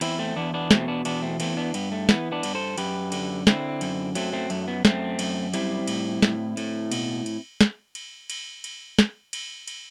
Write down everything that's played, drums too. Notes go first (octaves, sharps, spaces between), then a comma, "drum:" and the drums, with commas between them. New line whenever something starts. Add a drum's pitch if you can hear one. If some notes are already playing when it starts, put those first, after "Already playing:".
E2 C4 E4, drum: cymbal
A3 C4
E2 B3 D4
B3 D4
B2 A3 C4, drum: snare
B3 D4
E2 B3 D4, drum: cymbal
A3 C4
E3 A3 C4, drum: cymbal
B3 D4
G2 B3, drum: cymbal
A3
E3 B3, drum: snare
B3 D4
G2, drum: cymbal
A4 C5
F#2 G4 B4, drum: cymbal
D3, drum: cymbal
D3 C4 E4, drum: snare
F#2, drum: cymbal
F#3 A3 C4, drum: cymbal
A3 C4
F#2 A3, drum: cymbal
B3
F#2 A3 C4, drum: snare
F#2, drum: cymbal
G3 C4 E4, drum: cymbal
A2, drum: cymbal
A2, drum: snare
A2, drum: cymbal
B2, drum: cymbal
drum: cymbal
drum: snare
drum: cymbal
drum: cymbal
drum: cymbal
drum: snare
drum: cymbal
drum: cymbal